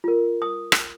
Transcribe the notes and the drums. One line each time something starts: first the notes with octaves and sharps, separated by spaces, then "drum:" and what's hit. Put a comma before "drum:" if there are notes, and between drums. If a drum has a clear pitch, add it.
F4 A#4
D#6
drum: rim click